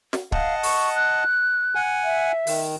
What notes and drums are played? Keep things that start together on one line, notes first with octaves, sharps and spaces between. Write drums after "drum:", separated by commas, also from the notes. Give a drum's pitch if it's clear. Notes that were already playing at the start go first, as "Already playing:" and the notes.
drum: snare
D#5 F5 F#5 A5, drum: kick
C#6, drum: open hi-hat
F#6
F#5 G#5
E5
D#3, drum: open hi-hat